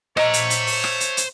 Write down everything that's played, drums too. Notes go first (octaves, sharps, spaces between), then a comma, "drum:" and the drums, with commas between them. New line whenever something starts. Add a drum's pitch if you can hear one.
A3 C5 C#5 D#5 A#5, drum: rim click
drum: hi-hat
drum: hi-hat
drum: open hi-hat
drum: rim click
drum: hi-hat
drum: hi-hat